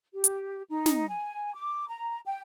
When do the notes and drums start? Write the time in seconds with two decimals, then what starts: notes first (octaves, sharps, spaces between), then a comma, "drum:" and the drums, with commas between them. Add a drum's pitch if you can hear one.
0.14 G4
0.24 drum: hi-hat
0.70 D#4
0.86 drum: snare
1.10 G#5
1.55 D6
1.89 A#5
2.26 G5